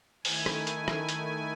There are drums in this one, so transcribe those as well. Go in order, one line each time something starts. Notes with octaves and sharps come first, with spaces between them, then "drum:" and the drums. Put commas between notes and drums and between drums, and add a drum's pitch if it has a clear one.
D#3 A3 E4 G#5, drum: open hi-hat
drum: rim click
drum: hi-hat
drum: rim click
drum: hi-hat